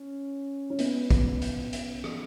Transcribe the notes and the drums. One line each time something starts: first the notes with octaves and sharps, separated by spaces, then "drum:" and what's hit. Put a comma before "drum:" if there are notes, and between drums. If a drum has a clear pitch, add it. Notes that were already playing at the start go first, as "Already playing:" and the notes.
Already playing: C#4
C#4
B3, drum: hi-hat
drum: kick A#1, hi-hat
drum: hi-hat
drum: hi-hat
drum: rim click